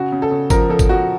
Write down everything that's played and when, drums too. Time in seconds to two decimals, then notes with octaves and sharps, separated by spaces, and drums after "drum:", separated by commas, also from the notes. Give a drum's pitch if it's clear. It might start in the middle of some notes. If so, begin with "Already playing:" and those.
Already playing: C#3 F#4
0.12 C#3
0.22 A4
0.31 C#3
0.50 F3 A#4, drum: kick, tambourine
0.69 F3 A4
0.79 drum: kick, tambourine
0.89 F3 F#4